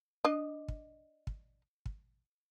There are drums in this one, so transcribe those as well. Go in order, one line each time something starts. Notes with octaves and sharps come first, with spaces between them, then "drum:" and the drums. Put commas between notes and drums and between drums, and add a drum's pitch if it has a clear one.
D4 D#5
drum: kick
drum: kick
drum: kick